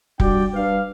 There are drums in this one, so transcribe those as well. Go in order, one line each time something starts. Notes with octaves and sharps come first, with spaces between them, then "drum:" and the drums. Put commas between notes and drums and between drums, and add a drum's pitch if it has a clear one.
G3 D4 F#4 D5 G5, drum: kick
G3 D4 B4 F5